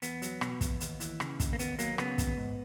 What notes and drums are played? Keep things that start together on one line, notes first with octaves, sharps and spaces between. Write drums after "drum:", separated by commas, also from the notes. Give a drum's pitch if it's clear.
E2 B3, drum: hi-hat
F#3, drum: hi-hat
B2, drum: rim click
E2, drum: kick, hi-hat
D#2, drum: hi-hat
E3, drum: hi-hat
C#3, drum: rim click
D#2, drum: kick, hi-hat
A#3
D#2 B3, drum: hi-hat
F#3 A#3, drum: hi-hat
C#3 B3, drum: rim click
D#2, drum: kick, hi-hat
G#2